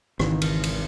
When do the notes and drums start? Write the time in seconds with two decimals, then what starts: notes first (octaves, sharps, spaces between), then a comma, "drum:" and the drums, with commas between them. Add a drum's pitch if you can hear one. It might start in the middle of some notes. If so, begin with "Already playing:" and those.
0.20 G#1 C#2 D#3 E3, drum: rim click
0.42 drum: cymbal
0.64 drum: cymbal